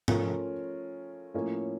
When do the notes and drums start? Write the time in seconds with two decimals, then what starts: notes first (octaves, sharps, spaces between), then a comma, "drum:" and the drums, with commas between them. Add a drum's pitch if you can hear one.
0.08 F3 A3 C#4 F4 A#4, drum: tom G#2
1.34 A2 F3 A#3 C#4